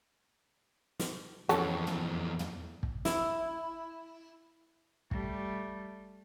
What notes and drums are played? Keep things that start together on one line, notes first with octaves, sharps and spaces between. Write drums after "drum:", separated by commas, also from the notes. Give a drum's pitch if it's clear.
drum: snare
F2 E3 F#3 C#4 A4, drum: hi-hat
drum: tom
drum: tom
drum: kick
E4, drum: snare
G3 A3, drum: kick